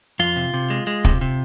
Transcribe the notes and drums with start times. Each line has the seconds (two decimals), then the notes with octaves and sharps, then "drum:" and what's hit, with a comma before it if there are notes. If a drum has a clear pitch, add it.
0.19 F2 F4
0.36 C3
0.54 C3
0.70 G#3
0.87 G#3
1.05 C3, drum: kick
1.21 C3